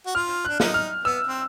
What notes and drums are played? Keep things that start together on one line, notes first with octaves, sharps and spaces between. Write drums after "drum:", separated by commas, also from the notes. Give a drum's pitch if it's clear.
F#4
F4 F6
D4 F#6
D#4, drum: snare
F6
B3 E6
C4